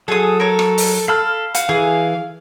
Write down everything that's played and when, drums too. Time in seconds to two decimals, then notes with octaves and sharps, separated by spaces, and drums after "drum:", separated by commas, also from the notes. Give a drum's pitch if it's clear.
0.08 F#3 G#4 A4 D#6
0.40 A#4 C#5
0.59 drum: rim click
0.78 drum: open hi-hat
1.08 A4 F5 B5 F6
1.55 F#4 F5, drum: hi-hat
1.69 E3 G#4